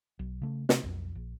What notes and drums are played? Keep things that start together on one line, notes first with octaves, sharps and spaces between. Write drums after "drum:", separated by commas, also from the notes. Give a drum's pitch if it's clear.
B1
C#3 A3
C3 C4, drum: snare
B1 F2
A#1